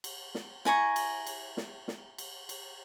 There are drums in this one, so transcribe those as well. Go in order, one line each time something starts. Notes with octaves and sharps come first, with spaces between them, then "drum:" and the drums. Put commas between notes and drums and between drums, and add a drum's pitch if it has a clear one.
drum: cymbal
drum: snare
E4 G#5 A#5 C#6, drum: snare
drum: cymbal
drum: cymbal
drum: snare
drum: snare
drum: cymbal
drum: cymbal